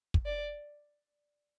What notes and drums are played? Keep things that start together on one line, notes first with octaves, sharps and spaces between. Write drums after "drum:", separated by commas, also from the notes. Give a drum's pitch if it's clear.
drum: kick
D5